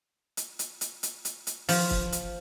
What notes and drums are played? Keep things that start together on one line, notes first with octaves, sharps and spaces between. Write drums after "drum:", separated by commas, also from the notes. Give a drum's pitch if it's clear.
drum: hi-hat
drum: hi-hat
drum: hi-hat
drum: hi-hat
drum: hi-hat
drum: hi-hat
F3, drum: open hi-hat
drum: kick
drum: hi-hat